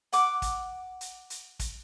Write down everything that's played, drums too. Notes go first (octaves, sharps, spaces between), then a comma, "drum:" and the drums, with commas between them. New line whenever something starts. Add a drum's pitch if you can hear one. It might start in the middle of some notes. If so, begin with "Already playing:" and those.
F#5 D6, drum: hi-hat
drum: kick, hi-hat
drum: hi-hat
drum: hi-hat
drum: kick, hi-hat